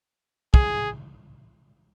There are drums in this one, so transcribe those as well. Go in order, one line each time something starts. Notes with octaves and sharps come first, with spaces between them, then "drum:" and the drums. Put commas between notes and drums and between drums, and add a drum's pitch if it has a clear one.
G#4, drum: kick